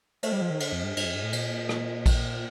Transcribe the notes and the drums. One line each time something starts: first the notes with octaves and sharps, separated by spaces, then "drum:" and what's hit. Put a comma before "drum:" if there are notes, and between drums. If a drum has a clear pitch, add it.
A3, drum: cymbal
G3
F3
D#3
D3, drum: cymbal
F2
G2
G2, drum: cymbal
F2
G2
A2
A#2, drum: cymbal
drum: rim click
drum: kick, cymbal